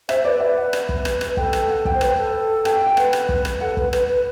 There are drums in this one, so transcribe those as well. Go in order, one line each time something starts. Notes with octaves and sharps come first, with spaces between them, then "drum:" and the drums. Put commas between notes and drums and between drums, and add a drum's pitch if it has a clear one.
C5 E5, drum: rim click
B4 D5
B4 E5
F#5
drum: rim click
drum: kick
B4, drum: rim click
drum: rim click
A4 G5, drum: kick
drum: rim click
F#5
G5, drum: kick
C5
B4, drum: rim click
A4
G5, drum: rim click
G5
G5
B4 F#5, drum: rim click
drum: rim click
drum: kick
drum: rim click
A4 F#5
B4, drum: kick
B4, drum: rim click
B4